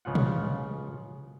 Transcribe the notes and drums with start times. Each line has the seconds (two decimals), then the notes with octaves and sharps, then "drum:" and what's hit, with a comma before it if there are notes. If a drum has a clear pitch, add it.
0.05 C#2 C#3 F3 F4 F#5
0.15 drum: tom